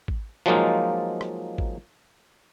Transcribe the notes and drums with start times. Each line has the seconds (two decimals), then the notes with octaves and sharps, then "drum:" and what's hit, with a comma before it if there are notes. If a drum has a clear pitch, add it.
0.08 drum: kick G#1
0.46 F3 F#3 G#3 A#3 D#4 F4
1.21 drum: rim click
1.58 drum: kick G#1